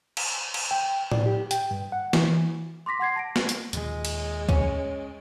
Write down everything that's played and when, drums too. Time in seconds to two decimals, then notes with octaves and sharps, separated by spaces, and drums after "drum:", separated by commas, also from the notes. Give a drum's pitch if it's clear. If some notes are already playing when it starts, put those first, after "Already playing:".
0.17 drum: cymbal
0.54 drum: cymbal
0.71 G5
1.12 D5, drum: tom A2
1.26 G4
1.51 G5, drum: hi-hat
1.71 G2
1.92 F#5
2.13 E3, drum: snare
2.86 C6 D6 A#6 B6
3.00 F#5 C6 G#6 C7
3.16 A5 A#6 D7
3.36 drum: snare
3.49 drum: hi-hat
3.73 D#2 A#2 G#3, drum: hi-hat
4.05 drum: cymbal
4.49 C#4, drum: kick